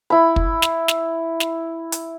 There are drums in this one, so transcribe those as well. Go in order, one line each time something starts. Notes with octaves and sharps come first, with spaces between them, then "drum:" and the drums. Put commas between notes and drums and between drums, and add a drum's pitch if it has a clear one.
E4 B5
drum: kick
drum: snare
drum: snare
drum: snare
drum: hi-hat